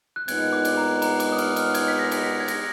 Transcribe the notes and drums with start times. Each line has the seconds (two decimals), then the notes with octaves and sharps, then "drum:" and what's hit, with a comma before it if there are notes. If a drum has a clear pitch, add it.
0.16 F#6
0.28 A#2 G#3 B3 D#4 G#6, drum: cymbal
0.53 D6
0.65 drum: cymbal
0.77 A#5
1.02 A#5, drum: cymbal
1.20 D6, drum: cymbal
1.32 D#6
1.38 F6, drum: cymbal
1.56 F6, drum: cymbal
1.75 G#6, drum: cymbal
1.88 B6
1.99 A#6
2.11 drum: cymbal
2.23 B6
2.40 G#6
2.48 A#6, drum: cymbal